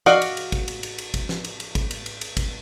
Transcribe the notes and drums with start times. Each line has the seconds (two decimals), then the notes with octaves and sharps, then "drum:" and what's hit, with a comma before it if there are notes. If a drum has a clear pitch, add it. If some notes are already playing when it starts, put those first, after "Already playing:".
0.06 F#4 D5 D#5 F5, drum: snare
0.22 drum: cymbal
0.37 drum: cymbal
0.52 drum: kick, cymbal
0.68 drum: cymbal
0.83 drum: cymbal
0.98 drum: cymbal
1.14 drum: kick, cymbal
1.29 drum: snare
1.45 drum: cymbal
1.60 drum: cymbal
1.75 drum: kick, cymbal
1.91 drum: cymbal
2.06 drum: cymbal
2.21 drum: cymbal
2.37 drum: kick, cymbal